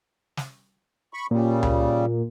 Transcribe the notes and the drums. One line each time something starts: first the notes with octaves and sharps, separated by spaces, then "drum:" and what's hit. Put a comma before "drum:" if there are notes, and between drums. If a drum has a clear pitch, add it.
drum: snare
B5 C#6
A#2 C#3 G3
drum: tom C#2